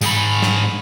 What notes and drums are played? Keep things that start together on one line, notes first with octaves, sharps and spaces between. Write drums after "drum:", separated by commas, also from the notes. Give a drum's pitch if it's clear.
G#2 B5, drum: tambourine
drum: snare